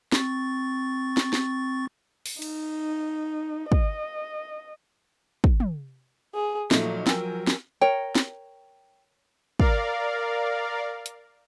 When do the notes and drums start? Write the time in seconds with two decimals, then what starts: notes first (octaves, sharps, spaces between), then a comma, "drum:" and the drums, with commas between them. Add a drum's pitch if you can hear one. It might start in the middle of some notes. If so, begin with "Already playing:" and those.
0.12 C4 C#6 A6, drum: snare
1.17 drum: snare
1.33 drum: snare
2.26 drum: open hi-hat
2.42 D#4, drum: cymbal
3.72 D#5, drum: kick
5.44 drum: kick
5.60 drum: tom
6.34 G#4
6.71 A#2 F3 F#3 A3 D#4, drum: snare
7.07 A#4 G5 G#5 E6, drum: snare
7.47 drum: snare
7.81 A#4 C#5 G5
8.15 drum: snare
9.60 A#4 D5 F5, drum: kick
11.06 drum: hi-hat